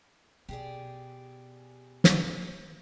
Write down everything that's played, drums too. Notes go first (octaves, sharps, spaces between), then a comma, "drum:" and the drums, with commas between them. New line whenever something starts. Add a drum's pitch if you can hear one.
B2 G4 G#4 D5
drum: snare